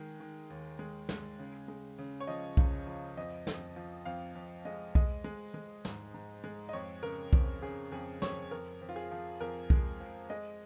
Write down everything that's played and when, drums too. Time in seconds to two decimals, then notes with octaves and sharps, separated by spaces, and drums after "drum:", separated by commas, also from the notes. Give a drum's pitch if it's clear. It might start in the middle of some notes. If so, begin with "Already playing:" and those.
Already playing: D#3 G#3
0.20 D#3
0.50 D#2
0.79 G#3
1.09 G#3, drum: snare
1.39 C#3
1.68 G#3
1.98 C#3
2.20 C#5
2.27 F3 D#5
2.57 C#2, drum: kick B1
2.87 F3
3.17 F2 D#5
3.47 F2, drum: snare
3.76 F3
4.05 F2 F5
4.35 F2
4.65 G#3 D#5
4.95 G#3 D#5, drum: kick B1
5.24 G#3
5.54 G#3
5.85 G#2, drum: snare
6.14 G#2
6.44 G#3
6.69 D#5
6.73 F2 C#5
7.02 C#3 A#4
7.33 F2, drum: kick B1
7.62 C#3 G#4
7.92 F2 G#4
8.22 F2 C#5, drum: snare
8.51 F2 A#4
8.81 F2
8.89 F4
8.96 G#4
9.11 F3
9.40 F2 A#4
9.70 G#3, drum: kick B1
10.00 F3
10.30 G#3 D#5